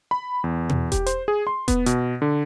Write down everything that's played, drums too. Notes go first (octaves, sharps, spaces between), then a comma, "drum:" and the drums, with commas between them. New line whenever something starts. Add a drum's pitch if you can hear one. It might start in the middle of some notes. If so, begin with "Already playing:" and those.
B5
E2
drum: tom B2
G4, drum: kick E1, hi-hat
C5, drum: hi-hat
G#4
C6
B3, drum: kick E1, hi-hat
B2, drum: hi-hat
D3